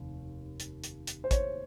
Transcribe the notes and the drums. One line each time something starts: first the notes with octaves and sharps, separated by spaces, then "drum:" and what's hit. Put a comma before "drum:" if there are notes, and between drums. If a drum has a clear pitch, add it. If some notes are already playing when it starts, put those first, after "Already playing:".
Already playing: F1 D#2 D#3
drum: hi-hat
drum: hi-hat
drum: hi-hat
C5
C#5, drum: kick, hi-hat